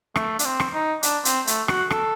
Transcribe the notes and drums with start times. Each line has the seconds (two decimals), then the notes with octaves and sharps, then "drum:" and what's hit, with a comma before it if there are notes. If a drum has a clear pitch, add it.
0.15 A3, drum: rim click
0.39 D4, drum: hi-hat
0.45 C4
0.60 drum: rim click
0.74 D#4
1.03 D4, drum: hi-hat
1.25 C4, drum: hi-hat
1.47 A3, drum: hi-hat
1.68 F#4, drum: rim click
1.90 A4, drum: rim click